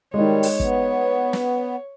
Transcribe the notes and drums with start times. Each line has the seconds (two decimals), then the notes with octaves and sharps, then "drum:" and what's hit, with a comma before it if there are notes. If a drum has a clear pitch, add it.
0.14 D#3 G3 G#3 D#4 C#5
0.43 drum: open hi-hat
0.60 B3, drum: kick
1.33 drum: snare